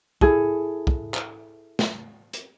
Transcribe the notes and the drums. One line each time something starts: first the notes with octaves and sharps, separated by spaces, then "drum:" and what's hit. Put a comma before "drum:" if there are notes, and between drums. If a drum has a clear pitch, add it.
E4 G#4 A4, drum: kick
drum: kick
drum: clap
drum: snare
drum: hi-hat